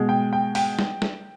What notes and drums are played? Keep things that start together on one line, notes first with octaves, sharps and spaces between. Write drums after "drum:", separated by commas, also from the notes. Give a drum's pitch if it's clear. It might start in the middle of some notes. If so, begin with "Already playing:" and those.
Already playing: B2 G#3
G5
G5
G5, drum: open hi-hat
drum: snare
drum: snare